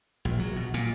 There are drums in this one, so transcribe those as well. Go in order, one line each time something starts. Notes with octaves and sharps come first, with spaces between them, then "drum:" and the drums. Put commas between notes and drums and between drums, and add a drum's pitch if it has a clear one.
A#1
F#3
B2
A#2, drum: hi-hat